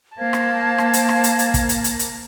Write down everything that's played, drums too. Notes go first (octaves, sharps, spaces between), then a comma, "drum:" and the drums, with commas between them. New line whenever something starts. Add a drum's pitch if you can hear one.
A#3 C5 F5 A5 G#6
drum: rim click
drum: rim click
drum: hi-hat
drum: rim click
drum: hi-hat
drum: hi-hat
drum: kick, hi-hat
drum: hi-hat
drum: hi-hat
drum: hi-hat